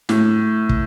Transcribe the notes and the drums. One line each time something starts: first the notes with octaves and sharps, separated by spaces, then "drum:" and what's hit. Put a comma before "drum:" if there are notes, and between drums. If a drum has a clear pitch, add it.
A2, drum: snare
drum: kick